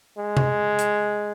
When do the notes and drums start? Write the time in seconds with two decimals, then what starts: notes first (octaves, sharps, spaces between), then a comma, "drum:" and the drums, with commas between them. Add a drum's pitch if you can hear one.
0.18 G#3
0.37 drum: tom C3
0.79 drum: hi-hat